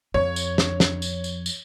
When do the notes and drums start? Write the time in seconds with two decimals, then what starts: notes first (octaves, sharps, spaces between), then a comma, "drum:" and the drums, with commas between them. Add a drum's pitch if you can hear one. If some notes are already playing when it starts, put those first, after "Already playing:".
0.14 F2 C#5
0.36 drum: tambourine
0.58 drum: snare
0.80 drum: snare
1.02 drum: tambourine
1.24 drum: tambourine
1.46 drum: tambourine